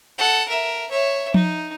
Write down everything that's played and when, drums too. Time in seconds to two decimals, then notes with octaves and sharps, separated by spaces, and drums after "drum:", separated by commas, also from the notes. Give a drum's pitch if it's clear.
0.18 A4 F#5
0.48 A#4 E5
0.91 C#5 E5
1.34 D#4, drum: tom F3